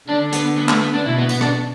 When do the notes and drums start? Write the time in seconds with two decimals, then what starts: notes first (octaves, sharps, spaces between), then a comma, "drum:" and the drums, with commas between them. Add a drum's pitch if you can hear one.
0.09 D3 D4
0.33 B3, drum: hi-hat
0.58 B3
0.69 A3, drum: clap
0.81 B3
0.94 D4
1.05 B2 E4
1.18 B3
1.29 B3, drum: tambourine
1.41 D4, drum: rim click